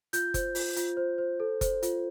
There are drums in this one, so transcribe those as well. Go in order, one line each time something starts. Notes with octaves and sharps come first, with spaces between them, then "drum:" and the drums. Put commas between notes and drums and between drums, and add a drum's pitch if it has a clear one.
F4 G6, drum: hi-hat
C5, drum: kick F#1, hi-hat
F4, drum: open hi-hat
F4, drum: hi-hat
C5
C5
A4
C5, drum: kick F#1, hi-hat
F4, drum: hi-hat